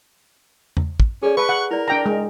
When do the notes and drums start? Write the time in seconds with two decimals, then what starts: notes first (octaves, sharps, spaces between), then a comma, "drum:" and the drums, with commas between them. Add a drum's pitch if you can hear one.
0.77 drum: tom E2
1.00 drum: kick
1.23 C#4 G#4 A4 D5
1.37 B4 F5 A5 C#6
1.49 F#5
1.71 E4 A#4 D5
1.88 D4 G5 A#5
2.06 G#3